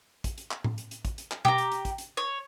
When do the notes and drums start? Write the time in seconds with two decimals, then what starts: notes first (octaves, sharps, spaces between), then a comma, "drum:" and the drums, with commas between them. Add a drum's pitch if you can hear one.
0.24 drum: kick, hi-hat
0.38 drum: hi-hat
0.51 drum: clap
0.64 drum: tom A2
0.78 drum: hi-hat
0.91 drum: hi-hat
1.05 drum: kick, hi-hat
1.18 drum: hi-hat
1.31 drum: clap
1.45 G4 A#5, drum: tom B2
1.58 drum: hi-hat
1.72 drum: hi-hat
1.85 drum: kick, hi-hat
1.98 drum: hi-hat
2.17 C#5